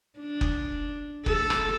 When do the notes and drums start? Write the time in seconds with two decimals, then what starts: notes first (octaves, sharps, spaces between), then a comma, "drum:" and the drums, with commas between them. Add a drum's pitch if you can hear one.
0.19 D4
0.41 drum: kick F#1
1.26 A4, drum: kick F#1
1.50 drum: rim click